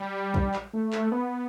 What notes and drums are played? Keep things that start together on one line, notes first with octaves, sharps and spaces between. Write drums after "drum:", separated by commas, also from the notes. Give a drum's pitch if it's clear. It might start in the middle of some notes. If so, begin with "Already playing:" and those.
Already playing: G3
drum: kick
drum: clap
A3
drum: clap
B3